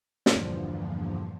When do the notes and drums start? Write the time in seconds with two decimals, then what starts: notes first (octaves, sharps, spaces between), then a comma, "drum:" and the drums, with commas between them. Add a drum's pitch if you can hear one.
0.26 E2 G2 A#2 D3 F3, drum: snare